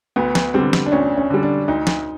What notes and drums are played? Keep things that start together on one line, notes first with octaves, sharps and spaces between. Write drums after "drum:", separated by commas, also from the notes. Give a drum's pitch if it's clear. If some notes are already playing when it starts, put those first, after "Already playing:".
D2 B3
drum: snare
D3 G3 C4
drum: snare
D4
D2 C#4
C#4
D3 G3
D4
D2 D#4
drum: snare